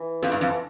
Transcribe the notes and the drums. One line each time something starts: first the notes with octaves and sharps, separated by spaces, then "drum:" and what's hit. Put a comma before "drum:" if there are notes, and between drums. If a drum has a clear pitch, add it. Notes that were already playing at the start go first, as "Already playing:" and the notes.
Already playing: E3
F2, drum: snare
G2
F2
E3